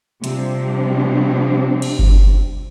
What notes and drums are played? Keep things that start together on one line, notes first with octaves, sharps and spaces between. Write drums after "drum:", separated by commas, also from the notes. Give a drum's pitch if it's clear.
C3 F3 G3 C4 D4, drum: hi-hat
drum: cymbal
drum: kick G1